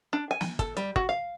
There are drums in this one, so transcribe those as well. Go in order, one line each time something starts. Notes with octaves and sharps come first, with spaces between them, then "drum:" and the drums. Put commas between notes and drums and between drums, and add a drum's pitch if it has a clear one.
D4
G#5
drum: snare
A4, drum: kick, hi-hat
G3, drum: hi-hat
F#4, drum: kick
F5